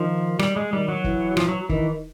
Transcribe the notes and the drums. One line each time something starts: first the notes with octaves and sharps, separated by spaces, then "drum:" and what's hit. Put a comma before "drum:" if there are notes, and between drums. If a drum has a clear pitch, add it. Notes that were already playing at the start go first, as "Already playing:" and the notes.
Already playing: D#3 F3
G3, drum: rim click
G#3
D#3 G3
F#3
E3, drum: kick
F3, drum: rim click
F#3
D#3 E3, drum: kick